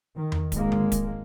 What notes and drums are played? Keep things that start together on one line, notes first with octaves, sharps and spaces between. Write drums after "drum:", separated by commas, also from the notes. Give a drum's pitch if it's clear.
D#3
drum: tom E2
G#1 G#3 A#3, drum: kick D1, hi-hat
drum: tom D3
drum: kick D1, hi-hat